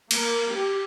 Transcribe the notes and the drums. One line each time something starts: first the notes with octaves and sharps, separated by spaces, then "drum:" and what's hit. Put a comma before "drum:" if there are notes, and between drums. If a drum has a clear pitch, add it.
A#3, drum: cymbal
G4